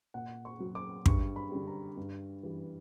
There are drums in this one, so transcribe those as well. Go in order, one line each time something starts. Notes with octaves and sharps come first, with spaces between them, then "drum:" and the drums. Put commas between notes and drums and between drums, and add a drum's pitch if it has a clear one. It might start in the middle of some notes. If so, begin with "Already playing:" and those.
A#2 F#5
C#6
F#3
D6
G2 C#6, drum: kick
B5
D3 G3
A#5
G2
E3 G3